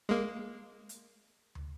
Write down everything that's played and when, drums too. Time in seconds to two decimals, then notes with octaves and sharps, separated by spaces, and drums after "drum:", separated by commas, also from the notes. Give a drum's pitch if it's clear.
0.09 G#3 A#3
0.89 drum: hi-hat
1.55 drum: tom